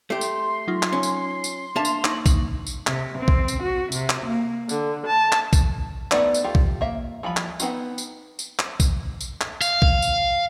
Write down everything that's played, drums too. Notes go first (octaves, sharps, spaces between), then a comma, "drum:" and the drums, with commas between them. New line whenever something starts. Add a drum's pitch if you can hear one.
A3 G4 C6
drum: tambourine
F#3 D#4 F4
drum: clap
C#4
drum: tambourine
drum: tambourine
A#3 D4 E5 A5 F7
drum: tambourine
D#4 C#6 F#7, drum: clap
drum: kick A#1, tambourine
drum: tambourine
C3, drum: clap
C4
drum: kick A#1
drum: tambourine
F#4
C3, drum: tambourine
drum: clap
A#3
D3, drum: tambourine
A5
drum: clap
drum: kick A#1, tambourine
A3 B3 D#4 D5, drum: clap
drum: tambourine
A3 F4 G4
drum: kick A#1
A#3 E5
E3 F3 G3 B5
drum: clap
B3 C4 D#4 F4, drum: tambourine
drum: tambourine
drum: tambourine
drum: clap
drum: kick A#1, tambourine
drum: tambourine
drum: clap
F5, drum: tambourine
drum: kick A#1
drum: tambourine